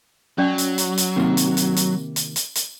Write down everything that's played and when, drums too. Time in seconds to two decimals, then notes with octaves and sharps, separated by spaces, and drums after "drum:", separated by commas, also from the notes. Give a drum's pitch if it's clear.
0.38 F#3 C#4 D5 G#5
0.58 drum: hi-hat
0.78 drum: hi-hat
0.98 drum: hi-hat
1.16 C3 D#3 A#3
1.37 drum: hi-hat
1.57 drum: hi-hat
1.76 drum: hi-hat
2.16 drum: hi-hat
2.36 drum: hi-hat
2.55 drum: hi-hat